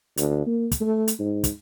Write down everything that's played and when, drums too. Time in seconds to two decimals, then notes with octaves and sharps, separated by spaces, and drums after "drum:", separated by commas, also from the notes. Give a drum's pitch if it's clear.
0.17 D2, drum: hi-hat
0.47 A#3
0.72 drum: kick, hi-hat
0.81 A3
1.08 drum: hi-hat
1.19 G#2
1.44 drum: kick, hi-hat